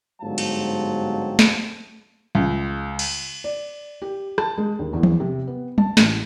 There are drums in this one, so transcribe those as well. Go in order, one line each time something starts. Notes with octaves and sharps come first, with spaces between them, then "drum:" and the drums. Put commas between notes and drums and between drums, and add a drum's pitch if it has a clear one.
G1 G#2 F#3 C4 F5 A5
drum: cymbal
drum: snare
C#2
drum: cymbal
D5
G4
A5, drum: rim click
G#3
D#2
E2
drum: tom E3
C3
B3
A5, drum: tom G3
A1, drum: snare